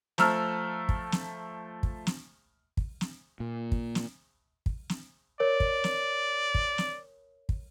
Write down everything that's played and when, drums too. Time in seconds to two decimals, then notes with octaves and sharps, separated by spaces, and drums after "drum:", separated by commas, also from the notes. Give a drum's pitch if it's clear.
0.18 F3 A3 A#5 E6 F6, drum: snare
0.89 drum: kick
1.12 drum: snare
1.83 drum: kick
2.07 drum: snare
2.77 drum: kick
3.01 drum: snare
3.40 A#2
3.72 drum: kick
3.95 drum: snare
4.66 drum: kick
4.89 drum: snare
5.40 A#4 C#5 D5
5.60 drum: kick
5.84 drum: snare
6.55 drum: kick
6.78 drum: snare
7.49 drum: kick